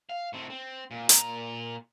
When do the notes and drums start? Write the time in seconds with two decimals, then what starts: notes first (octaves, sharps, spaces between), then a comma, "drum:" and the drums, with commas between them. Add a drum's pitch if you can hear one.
0.09 F5
0.33 A2 C4
0.50 C4
0.91 A#2
1.09 A#2 A#5, drum: hi-hat